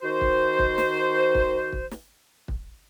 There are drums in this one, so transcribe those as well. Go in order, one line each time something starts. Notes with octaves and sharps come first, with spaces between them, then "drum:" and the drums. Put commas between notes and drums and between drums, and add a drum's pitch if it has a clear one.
D#3 F#4 C5
drum: kick
drum: kick
drum: snare
drum: kick
drum: kick
drum: snare
drum: kick